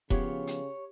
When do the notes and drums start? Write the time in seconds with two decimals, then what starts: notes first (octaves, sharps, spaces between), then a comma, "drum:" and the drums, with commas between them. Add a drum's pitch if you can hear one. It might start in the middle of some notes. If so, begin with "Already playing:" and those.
0.10 C#3 F3 B3 G4 C#5, drum: kick E1
0.47 drum: hi-hat